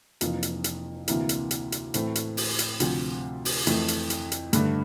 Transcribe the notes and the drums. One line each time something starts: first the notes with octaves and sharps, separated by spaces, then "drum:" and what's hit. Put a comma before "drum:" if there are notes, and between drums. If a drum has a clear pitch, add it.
F1 F2 E3 A#3 F4, drum: hi-hat
drum: hi-hat
drum: hi-hat
D2 C3 E3 A#3 E4, drum: hi-hat
drum: hi-hat
drum: hi-hat
drum: hi-hat
A2 E3 A3 C4, drum: hi-hat
drum: hi-hat
drum: open hi-hat
drum: hi-hat
D2 C3 F3, drum: hi-hat
drum: open hi-hat
F2 E3 A3, drum: hi-hat
drum: hi-hat
drum: hi-hat
drum: hi-hat
G2 D3 A3, drum: hi-hat